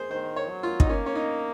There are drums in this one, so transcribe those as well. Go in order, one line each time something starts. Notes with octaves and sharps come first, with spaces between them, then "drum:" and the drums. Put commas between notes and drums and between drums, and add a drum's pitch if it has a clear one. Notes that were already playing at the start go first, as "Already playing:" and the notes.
Already playing: G#4 C5
D#3 C5
C#5
F#3
F4
D#4, drum: kick
A#3 C#4
C#4
D#4